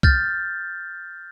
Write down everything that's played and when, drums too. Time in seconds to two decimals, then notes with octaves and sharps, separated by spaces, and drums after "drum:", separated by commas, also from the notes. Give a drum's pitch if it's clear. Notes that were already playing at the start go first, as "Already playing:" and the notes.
0.03 F6 G6 A6, drum: kick C2